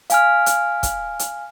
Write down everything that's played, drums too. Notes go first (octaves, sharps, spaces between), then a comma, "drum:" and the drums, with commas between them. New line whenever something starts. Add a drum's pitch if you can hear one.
F5 G#5 F6, drum: hi-hat
drum: hi-hat
drum: kick, hi-hat
drum: hi-hat